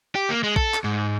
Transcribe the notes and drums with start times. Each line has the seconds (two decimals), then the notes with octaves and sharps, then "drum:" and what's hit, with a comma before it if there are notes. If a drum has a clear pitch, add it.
0.15 G4
0.30 A#3
0.43 G#3
0.56 A4, drum: kick A#1
0.74 drum: clap
0.84 G#2